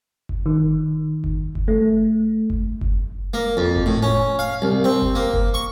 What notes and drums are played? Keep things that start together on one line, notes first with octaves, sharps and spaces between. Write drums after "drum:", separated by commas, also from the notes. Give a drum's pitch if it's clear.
drum: kick F#1
D#3
drum: kick F#1
drum: kick F#1
A3
drum: kick F#1
drum: kick F#1
A#3
F2
drum: kick F#1
A2
C#4
F5
C2
C4
drum: kick F#1
A#3
drum: kick F#1
C#6